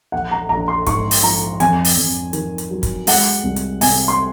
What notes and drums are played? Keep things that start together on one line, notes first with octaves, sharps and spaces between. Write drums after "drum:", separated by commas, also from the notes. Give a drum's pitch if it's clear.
A#1 F#5
A#5
A#1 A#5
C6
G#2 C#6, drum: kick, hi-hat
drum: open hi-hat
F3 A#5
F2 G#5, drum: hi-hat
drum: open hi-hat
F2
D#3, drum: hi-hat
drum: hi-hat
F#3
drum: kick, hi-hat
G#3 F#5, drum: open hi-hat
C2
drum: hi-hat
C3 G#5, drum: open hi-hat
C6